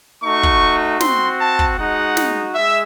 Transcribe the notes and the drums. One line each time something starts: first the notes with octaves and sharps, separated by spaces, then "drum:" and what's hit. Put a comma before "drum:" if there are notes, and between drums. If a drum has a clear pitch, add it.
A3 D#4 F#4 C#6
drum: kick
C4 C6, drum: snare
F#4
A5
drum: kick
G#3 D#4 F#4 F#5
drum: snare
G#3 E5